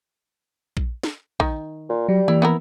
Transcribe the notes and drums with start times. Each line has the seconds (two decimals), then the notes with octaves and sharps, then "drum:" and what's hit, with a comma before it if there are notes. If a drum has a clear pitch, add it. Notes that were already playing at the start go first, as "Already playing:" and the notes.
0.77 drum: kick A#1
1.03 drum: snare
1.40 D#3, drum: kick A#1
1.89 A#2
2.08 F#3 G3
2.28 E3 A#3 E4
2.42 B3 E4 A#4